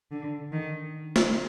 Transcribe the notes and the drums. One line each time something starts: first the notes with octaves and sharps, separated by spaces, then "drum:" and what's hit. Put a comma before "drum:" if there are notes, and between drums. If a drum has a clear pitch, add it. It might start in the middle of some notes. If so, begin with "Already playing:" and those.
D3
D#3
drum: snare